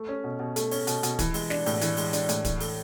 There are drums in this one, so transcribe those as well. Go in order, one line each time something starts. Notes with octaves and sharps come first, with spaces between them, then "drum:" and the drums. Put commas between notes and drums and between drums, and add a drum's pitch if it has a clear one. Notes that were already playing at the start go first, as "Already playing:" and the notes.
Already playing: A3
C#4
B2
B2
A3, drum: hi-hat
C#4, drum: open hi-hat
B2, drum: hi-hat
B2, drum: hi-hat
E3, drum: kick, hi-hat
G#3, drum: open hi-hat
D4, drum: snare
A2, drum: open hi-hat
E3, drum: hi-hat
G#3, drum: open hi-hat
D4, drum: hi-hat
A2, drum: hi-hat
E3, drum: kick, hi-hat
A3, drum: open hi-hat